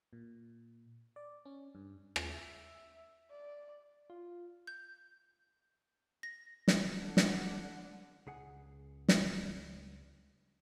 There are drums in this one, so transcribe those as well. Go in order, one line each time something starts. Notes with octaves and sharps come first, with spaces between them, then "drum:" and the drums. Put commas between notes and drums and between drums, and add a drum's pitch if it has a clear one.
A#2
D5
C#4
G2
drum: rim click
E5
D5
F4
G6
A#6
drum: snare
D3 D4 F#5
drum: snare
C#2 G#4 F#5
drum: snare